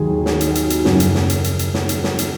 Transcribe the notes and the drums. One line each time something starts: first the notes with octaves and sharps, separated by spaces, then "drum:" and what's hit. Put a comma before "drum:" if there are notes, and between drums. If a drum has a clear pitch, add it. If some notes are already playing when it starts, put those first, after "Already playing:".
Already playing: D#2 D#3 F#3 G#4
drum: snare
drum: hi-hat
drum: hi-hat
drum: hi-hat
F#2 C#3 F3, drum: snare
drum: hi-hat
drum: snare
drum: hi-hat
drum: hi-hat
drum: hi-hat
drum: snare
drum: hi-hat
drum: snare
drum: hi-hat